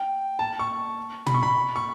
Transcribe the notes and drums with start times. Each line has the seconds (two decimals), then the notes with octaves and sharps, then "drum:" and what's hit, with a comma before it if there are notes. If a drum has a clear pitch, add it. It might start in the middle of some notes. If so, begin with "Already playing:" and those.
Already playing: G5
0.39 A5
0.59 C#6
1.26 B5, drum: tom
1.34 C#6
1.43 B5
1.76 C#6